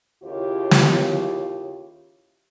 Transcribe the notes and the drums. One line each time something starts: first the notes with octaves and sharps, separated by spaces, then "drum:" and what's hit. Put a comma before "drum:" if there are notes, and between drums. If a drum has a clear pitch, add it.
D#2 C#3 E4 F4 G4 C#5
drum: snare